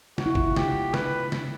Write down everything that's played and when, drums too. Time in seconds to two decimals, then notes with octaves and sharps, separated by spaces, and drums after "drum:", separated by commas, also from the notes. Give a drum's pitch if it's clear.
0.18 F4 F#4, drum: snare
0.26 E4
0.35 F4, drum: kick
0.56 G4, drum: snare
0.94 B4, drum: snare
1.32 drum: snare